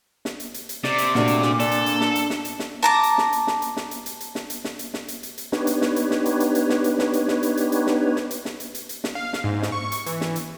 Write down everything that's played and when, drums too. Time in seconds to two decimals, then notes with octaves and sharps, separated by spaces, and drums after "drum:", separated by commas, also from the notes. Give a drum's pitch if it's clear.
0.25 drum: snare
0.40 drum: hi-hat
0.54 drum: hi-hat
0.69 drum: hi-hat
0.84 C3 D5 D6, drum: snare
0.98 drum: hi-hat
1.15 A#2 A3 D4 F#4, drum: snare
1.28 drum: hi-hat
1.42 drum: snare
1.60 D4 A4, drum: hi-hat
1.72 drum: hi-hat
1.86 drum: hi-hat
2.01 drum: snare
2.15 drum: hi-hat
2.30 drum: snare
2.45 drum: hi-hat
2.59 drum: snare
2.83 A5 A#5 D6
3.03 drum: hi-hat
3.18 drum: snare
3.33 drum: hi-hat
3.47 drum: snare
3.62 drum: hi-hat
3.77 drum: snare
3.91 drum: hi-hat
4.06 drum: hi-hat
4.21 drum: hi-hat
4.35 drum: snare
4.50 drum: hi-hat
4.64 drum: snare
4.79 drum: hi-hat
4.94 drum: snare
5.08 drum: hi-hat
5.23 drum: hi-hat
5.38 drum: hi-hat
5.52 B3 D4 D#4 G4 B4 C#5, drum: snare
5.67 drum: hi-hat
5.82 drum: snare
5.96 drum: hi-hat
6.11 drum: snare
6.26 drum: hi-hat
6.40 drum: hi-hat
6.55 drum: hi-hat
6.70 drum: snare
6.84 drum: hi-hat
6.99 drum: snare
7.13 drum: hi-hat
7.28 drum: snare
7.43 drum: hi-hat
7.57 drum: hi-hat
7.72 drum: hi-hat
7.87 drum: snare
8.16 drum: snare
8.31 drum: hi-hat
8.45 drum: snare
8.60 drum: hi-hat
8.75 drum: hi-hat
8.89 drum: hi-hat
9.04 drum: snare
9.15 F5
9.33 drum: snare
9.44 G#2
9.62 drum: snare
9.72 C#6
9.92 drum: hi-hat
10.06 E3, drum: hi-hat
10.21 drum: snare
10.36 drum: hi-hat